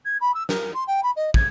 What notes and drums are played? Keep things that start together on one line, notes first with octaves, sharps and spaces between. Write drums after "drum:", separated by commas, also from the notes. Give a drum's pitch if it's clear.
G#6
B5
E6
A#4, drum: snare
C6
G5
B5
D#5
G#6, drum: kick